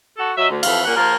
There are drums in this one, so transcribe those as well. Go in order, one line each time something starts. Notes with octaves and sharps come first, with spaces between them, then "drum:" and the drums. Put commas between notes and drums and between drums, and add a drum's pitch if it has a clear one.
F#4 A4
F#3 D#5 E5
D2
F2 E3 A4 F5, drum: cymbal
A#2 A#3 C#4 F#5
F3 A#3 F4 A#4